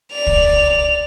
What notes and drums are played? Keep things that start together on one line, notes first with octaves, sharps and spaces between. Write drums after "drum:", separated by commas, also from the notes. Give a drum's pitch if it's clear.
D5 F7
drum: kick